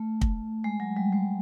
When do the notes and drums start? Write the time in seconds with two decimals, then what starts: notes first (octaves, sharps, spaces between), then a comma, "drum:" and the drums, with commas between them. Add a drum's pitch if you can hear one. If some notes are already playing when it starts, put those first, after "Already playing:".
Already playing: A3
0.21 drum: kick
0.64 G#3
0.80 F#3
0.97 G3
1.12 G#3